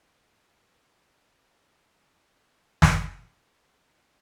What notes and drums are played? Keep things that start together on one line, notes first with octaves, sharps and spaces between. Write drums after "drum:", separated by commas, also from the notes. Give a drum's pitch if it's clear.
G5
E5
C3
A6
G#5
G#4
D#2
drum: snare
E5